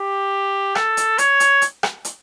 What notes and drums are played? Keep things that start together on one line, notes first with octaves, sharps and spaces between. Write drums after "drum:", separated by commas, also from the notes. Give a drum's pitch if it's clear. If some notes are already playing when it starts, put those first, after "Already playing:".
Already playing: G4
A4, drum: rim click
drum: hi-hat
C#5, drum: hi-hat
drum: hi-hat
drum: hi-hat
drum: rim click
drum: hi-hat